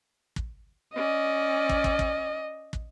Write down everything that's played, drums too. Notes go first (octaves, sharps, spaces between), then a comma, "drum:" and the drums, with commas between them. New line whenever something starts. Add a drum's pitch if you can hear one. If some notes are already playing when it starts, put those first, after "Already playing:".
drum: kick
C#4 D5 D#5
drum: kick
drum: kick
drum: kick
drum: kick